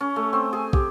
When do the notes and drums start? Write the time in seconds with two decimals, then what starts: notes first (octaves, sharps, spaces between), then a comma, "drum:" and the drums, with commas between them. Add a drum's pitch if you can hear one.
0.01 C#4
0.16 A3
0.33 C4
0.53 G#4
0.73 G4, drum: kick